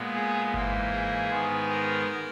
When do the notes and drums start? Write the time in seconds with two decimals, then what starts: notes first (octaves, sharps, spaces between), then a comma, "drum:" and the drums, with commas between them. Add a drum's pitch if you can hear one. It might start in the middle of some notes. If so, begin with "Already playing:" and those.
Already playing: A#2 G#3 B3
0.15 G#4
0.54 G#2 E3 A#3, drum: kick G1
0.91 G#4
1.30 G#2 D#3 G#3 B3
1.69 A#4